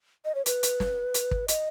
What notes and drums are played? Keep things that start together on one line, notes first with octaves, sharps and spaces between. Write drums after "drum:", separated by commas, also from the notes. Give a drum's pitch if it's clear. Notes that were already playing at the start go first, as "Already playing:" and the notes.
D#5
C#5
B4, drum: hi-hat
drum: hi-hat
drum: snare
drum: hi-hat
drum: kick
D#5, drum: hi-hat